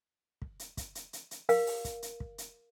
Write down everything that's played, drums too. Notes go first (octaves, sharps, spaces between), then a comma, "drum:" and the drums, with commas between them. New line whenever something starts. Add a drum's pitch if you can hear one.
drum: kick
drum: hi-hat
drum: kick, hi-hat
drum: hi-hat
drum: hi-hat
drum: hi-hat
A#4 F5, drum: open hi-hat
drum: open hi-hat
drum: kick, hi-hat
drum: hi-hat
drum: kick
drum: hi-hat